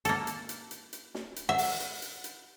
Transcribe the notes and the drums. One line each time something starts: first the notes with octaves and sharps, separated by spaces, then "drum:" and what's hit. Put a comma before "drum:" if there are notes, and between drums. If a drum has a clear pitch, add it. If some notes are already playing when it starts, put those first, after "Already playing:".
A#3 A4, drum: hi-hat
drum: hi-hat
drum: hi-hat
drum: hi-hat
drum: hi-hat
drum: snare
drum: hi-hat
E5 F#5
drum: open hi-hat
drum: hi-hat
drum: hi-hat
drum: hi-hat